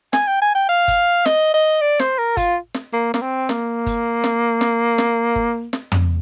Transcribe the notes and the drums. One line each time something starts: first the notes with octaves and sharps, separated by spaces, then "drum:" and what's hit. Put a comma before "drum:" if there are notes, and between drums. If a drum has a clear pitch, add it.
G#5, drum: snare
G5
G#5
G5
F5
drum: kick G1, hi-hat
D#5, drum: snare
D#5
D5
C5, drum: snare
A#4
F4, drum: kick G1, hi-hat
drum: snare
A#3
A#3, drum: snare
C4
A#3, drum: snare
drum: kick G1, hi-hat
drum: snare
drum: snare
drum: snare
drum: kick G1
drum: snare
drum: tom